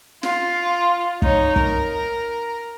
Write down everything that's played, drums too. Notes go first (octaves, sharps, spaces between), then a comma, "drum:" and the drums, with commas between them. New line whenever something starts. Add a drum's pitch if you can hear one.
F4, drum: snare
D#4 C#5, drum: kick
A#4, drum: kick